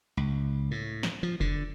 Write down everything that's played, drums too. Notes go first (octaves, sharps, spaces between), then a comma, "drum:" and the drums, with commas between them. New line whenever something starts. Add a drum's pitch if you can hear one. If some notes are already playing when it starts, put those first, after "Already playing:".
C#2
A2
drum: snare
F3
D3, drum: kick F1